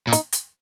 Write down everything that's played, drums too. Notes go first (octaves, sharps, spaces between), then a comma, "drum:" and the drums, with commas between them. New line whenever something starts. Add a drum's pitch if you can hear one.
A#2
D#4, drum: hi-hat
drum: hi-hat